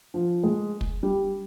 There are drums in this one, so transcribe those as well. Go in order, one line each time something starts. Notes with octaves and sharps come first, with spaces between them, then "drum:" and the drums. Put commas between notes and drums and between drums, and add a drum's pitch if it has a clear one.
F3
G#3
drum: kick
G3